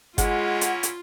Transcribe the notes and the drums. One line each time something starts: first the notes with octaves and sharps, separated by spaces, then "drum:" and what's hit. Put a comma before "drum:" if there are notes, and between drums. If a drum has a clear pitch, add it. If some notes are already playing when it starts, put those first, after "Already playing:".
G#3 A#3 C#4 E4 F4 F#5, drum: kick G1, hi-hat
drum: hi-hat
drum: hi-hat